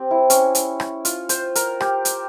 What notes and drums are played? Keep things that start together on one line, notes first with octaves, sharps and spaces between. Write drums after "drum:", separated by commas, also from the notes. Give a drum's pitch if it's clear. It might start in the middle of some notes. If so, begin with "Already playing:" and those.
Already playing: C4 G4
E4
C#4, drum: hi-hat
drum: hi-hat
drum: rim click
F4, drum: hi-hat
C5, drum: hi-hat
A#4, drum: hi-hat
G4, drum: rim click
drum: hi-hat